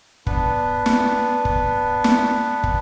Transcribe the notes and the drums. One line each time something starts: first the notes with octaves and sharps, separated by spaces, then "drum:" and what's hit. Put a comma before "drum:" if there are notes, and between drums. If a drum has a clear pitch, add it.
B3 D4 B4, drum: kick
drum: snare
drum: kick
drum: snare
drum: kick